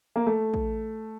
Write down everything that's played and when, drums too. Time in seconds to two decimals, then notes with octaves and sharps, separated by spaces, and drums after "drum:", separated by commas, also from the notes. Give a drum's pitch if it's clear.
0.16 A#3
0.27 A3
0.54 drum: kick